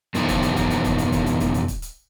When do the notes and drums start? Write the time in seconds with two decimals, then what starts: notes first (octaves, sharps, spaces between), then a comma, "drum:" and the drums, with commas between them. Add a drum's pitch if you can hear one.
0.15 F2 B2 D#3 E3 C4, drum: hi-hat
0.29 drum: kick, hi-hat
0.43 drum: hi-hat
0.56 drum: kick, hi-hat
0.70 drum: hi-hat
0.84 drum: kick, hi-hat
0.98 drum: hi-hat
1.12 drum: kick, hi-hat
1.26 drum: hi-hat
1.40 drum: kick, hi-hat
1.54 drum: hi-hat
1.68 drum: kick, hi-hat
1.82 drum: hi-hat